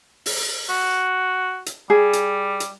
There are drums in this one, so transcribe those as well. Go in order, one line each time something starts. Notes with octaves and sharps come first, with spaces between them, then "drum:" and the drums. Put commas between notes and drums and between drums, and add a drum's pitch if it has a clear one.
drum: open hi-hat
F#4
drum: hi-hat
G3 G#4
drum: hi-hat
drum: hi-hat